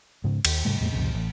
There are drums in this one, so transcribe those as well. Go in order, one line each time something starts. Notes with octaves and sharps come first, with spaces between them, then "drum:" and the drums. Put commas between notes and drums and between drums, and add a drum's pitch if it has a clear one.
G#2 C#3
D#2, drum: cymbal
G#2 C3 G3 A3
E2 A2 G#3 A#3
C2 F2 A#2 C#3
A1